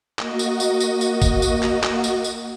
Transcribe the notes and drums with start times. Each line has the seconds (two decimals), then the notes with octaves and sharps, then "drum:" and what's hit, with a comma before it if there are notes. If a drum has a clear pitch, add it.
0.19 A#3 F#4 D#5, drum: clap
0.39 drum: tambourine
0.60 drum: tambourine
0.80 drum: tambourine
1.01 drum: tambourine
1.22 drum: kick, tambourine
1.42 drum: tambourine
1.63 drum: clap
1.83 drum: clap
2.04 drum: tambourine
2.24 drum: tambourine